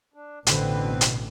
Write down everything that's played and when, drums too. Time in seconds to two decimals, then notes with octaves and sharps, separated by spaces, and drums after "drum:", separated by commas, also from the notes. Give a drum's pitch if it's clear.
0.14 D4
0.47 A1 B2 D3 C4 B4, drum: hi-hat
1.01 drum: hi-hat